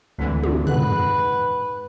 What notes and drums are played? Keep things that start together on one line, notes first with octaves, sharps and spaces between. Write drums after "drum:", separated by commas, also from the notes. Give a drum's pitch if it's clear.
G#1 D2 D3 E3 B6
drum: tom
G#2 G#4 B4 F#5 F#6, drum: tom